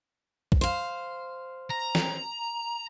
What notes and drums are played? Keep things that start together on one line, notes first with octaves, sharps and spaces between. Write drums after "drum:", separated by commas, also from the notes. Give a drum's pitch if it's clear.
drum: kick
C5 F5
A#5
drum: snare